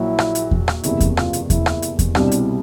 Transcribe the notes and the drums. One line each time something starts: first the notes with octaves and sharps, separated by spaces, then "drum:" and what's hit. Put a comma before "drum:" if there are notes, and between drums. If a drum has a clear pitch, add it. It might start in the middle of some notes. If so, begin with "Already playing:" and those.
Already playing: A#1 A#2 F#3 E4
drum: rim click
drum: hi-hat
drum: kick E2
drum: rim click
F#1 E2 C3 E4, drum: hi-hat
drum: kick E2, hi-hat
F4, drum: rim click
drum: hi-hat
E4, drum: kick E2, hi-hat
drum: rim click
drum: hi-hat
drum: kick E2, hi-hat
C2 B2 G3 C4 D4 E4, drum: rim click
drum: hi-hat